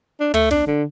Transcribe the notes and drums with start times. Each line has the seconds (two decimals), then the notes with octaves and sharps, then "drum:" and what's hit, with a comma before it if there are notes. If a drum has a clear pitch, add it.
0.20 D4
0.34 A3, drum: tom
0.51 D4, drum: snare
0.67 D3